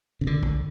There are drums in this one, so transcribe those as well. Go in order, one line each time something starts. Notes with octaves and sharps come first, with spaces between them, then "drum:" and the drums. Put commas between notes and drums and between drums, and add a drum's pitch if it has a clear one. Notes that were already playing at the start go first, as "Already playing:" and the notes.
C#3
D3
drum: kick